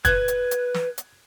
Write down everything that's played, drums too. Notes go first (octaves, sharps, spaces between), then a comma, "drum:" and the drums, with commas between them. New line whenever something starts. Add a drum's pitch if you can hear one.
B4 F#6 G#6, drum: kick, hi-hat
drum: hi-hat
drum: hi-hat
drum: snare
drum: hi-hat